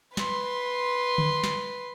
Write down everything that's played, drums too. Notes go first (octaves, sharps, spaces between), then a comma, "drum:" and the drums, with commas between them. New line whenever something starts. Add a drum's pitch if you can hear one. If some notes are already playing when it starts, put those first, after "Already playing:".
B4 C6, drum: snare
drum: tom D3
drum: snare